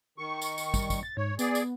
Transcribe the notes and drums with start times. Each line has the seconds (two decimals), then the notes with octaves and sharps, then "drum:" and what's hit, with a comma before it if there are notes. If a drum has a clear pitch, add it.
0.18 D#3 C#6
0.42 drum: tambourine
0.58 drum: tambourine
0.74 G3, drum: kick, tambourine
0.90 drum: kick, tambourine
1.03 A6
1.17 G#2 C#5
1.39 B3 G#4 D5, drum: tambourine
1.55 drum: tambourine